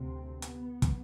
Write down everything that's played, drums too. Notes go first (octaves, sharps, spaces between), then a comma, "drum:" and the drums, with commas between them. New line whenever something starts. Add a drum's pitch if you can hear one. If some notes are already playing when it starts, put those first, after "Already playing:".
Already playing: D2 C3 C4
B3, drum: hi-hat
drum: kick, hi-hat